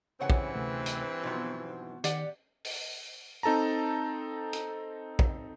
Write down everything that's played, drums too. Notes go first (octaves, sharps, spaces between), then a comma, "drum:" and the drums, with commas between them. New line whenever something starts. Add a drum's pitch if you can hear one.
G2 C#3 E3 C4 C#5 F#5 G#5
drum: kick
D2 C3 A3
drum: hi-hat
B2 F3 F#3 D#4
D#3 G4 D5 F#5, drum: hi-hat
drum: open hi-hat
C4 D#4 A4 A5 A#5
drum: hi-hat
drum: kick